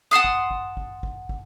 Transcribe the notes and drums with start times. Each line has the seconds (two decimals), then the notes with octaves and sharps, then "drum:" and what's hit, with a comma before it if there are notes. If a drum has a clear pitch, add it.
0.11 F#5 A5 C6 D#6
0.24 drum: kick
0.51 drum: kick
0.77 drum: kick
1.03 drum: kick
1.29 drum: kick